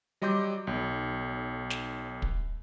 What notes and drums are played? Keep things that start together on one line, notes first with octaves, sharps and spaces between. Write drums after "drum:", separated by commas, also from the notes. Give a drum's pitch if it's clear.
F#3 G3 D#5 C6 D6 G6
B1
drum: snare
drum: kick